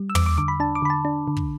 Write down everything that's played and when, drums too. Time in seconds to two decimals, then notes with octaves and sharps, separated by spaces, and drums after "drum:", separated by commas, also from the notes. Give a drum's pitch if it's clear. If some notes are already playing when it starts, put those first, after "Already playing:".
Already playing: G3
0.10 E6
0.15 E2 D6, drum: tom
0.26 D6
0.38 D3 D6
0.48 B5
0.60 D4 A5
0.75 D6
0.82 D3 B5
0.90 A5
1.05 D4
1.28 D3
1.37 drum: kick